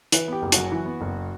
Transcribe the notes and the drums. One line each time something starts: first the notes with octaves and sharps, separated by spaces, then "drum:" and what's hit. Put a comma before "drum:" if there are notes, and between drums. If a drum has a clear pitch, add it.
E3 B4, drum: hi-hat
B3 G4
F#1
F#2 F#4, drum: hi-hat
E3
B3
F#1